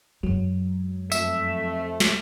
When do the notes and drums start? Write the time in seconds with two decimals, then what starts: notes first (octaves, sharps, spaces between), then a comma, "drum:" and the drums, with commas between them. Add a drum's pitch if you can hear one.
0.23 F#2 F#3 G#3
1.12 F2 A3 E5, drum: tambourine
2.00 drum: snare